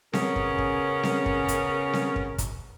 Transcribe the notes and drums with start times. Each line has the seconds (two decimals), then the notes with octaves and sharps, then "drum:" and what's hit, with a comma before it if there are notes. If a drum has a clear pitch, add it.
0.13 C#3 B3 C#4 G#4 A#4, drum: snare C4
0.36 drum: kick
0.58 drum: kick
1.03 drum: snare C4
1.26 drum: kick
1.48 drum: kick, hi-hat
1.93 drum: snare C4
2.16 drum: kick
2.38 drum: kick, hi-hat